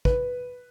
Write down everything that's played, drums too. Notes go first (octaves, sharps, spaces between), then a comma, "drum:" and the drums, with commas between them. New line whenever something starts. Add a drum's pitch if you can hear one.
B4, drum: kick